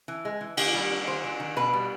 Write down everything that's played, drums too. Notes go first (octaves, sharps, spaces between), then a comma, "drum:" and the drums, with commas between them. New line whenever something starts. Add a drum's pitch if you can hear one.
E3
G#3
E3
D#3, drum: cymbal
G3
C#4
D#3 C5
F#3
D#3
B2 B4
G3